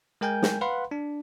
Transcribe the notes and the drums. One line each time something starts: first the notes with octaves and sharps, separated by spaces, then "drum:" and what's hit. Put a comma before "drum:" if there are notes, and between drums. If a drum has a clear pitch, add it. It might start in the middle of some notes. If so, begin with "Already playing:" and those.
G#3 A#4 G5 G#5 G6
drum: snare
B4 F5 F#5 B5 C6
D4